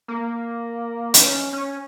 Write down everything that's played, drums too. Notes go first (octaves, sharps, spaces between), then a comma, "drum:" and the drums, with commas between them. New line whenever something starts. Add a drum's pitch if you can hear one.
A#3
D#4, drum: hi-hat
C#4
C#4